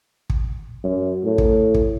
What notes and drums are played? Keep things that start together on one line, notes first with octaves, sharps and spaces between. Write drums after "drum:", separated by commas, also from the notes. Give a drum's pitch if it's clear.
drum: kick
F#2
A2
drum: kick
drum: kick